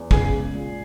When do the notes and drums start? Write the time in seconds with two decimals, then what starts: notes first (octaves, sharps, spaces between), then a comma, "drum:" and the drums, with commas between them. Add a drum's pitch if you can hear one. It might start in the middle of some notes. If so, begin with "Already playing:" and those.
Already playing: E2
0.11 C#3 G#4, drum: kick
0.33 G#3
0.53 A#2